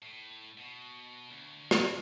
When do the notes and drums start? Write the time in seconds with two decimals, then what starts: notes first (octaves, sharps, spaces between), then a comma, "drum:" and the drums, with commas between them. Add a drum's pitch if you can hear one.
0.02 A2
0.58 B2
1.31 D2
1.71 drum: rim click